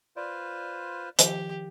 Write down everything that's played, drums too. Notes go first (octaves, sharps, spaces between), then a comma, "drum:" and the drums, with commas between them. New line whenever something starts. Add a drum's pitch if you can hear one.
F4 B4 C5 D5
D#3 F3 G4, drum: hi-hat